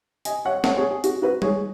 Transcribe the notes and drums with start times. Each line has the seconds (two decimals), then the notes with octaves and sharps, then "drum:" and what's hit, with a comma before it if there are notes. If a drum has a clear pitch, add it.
0.25 D#5 G#5, drum: hi-hat
0.45 C#5 F#5
0.64 C#5 F#5, drum: snare
0.78 G#4 C#5
0.91 G#4
1.04 F#4, drum: hi-hat
1.22 F#4 B4
1.42 G#4 C#5, drum: tom G3